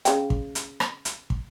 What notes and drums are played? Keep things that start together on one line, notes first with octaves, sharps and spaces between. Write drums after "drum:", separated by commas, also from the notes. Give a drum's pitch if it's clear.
C#3 G5, drum: hi-hat
drum: kick
drum: hi-hat
drum: rim click
drum: hi-hat
drum: kick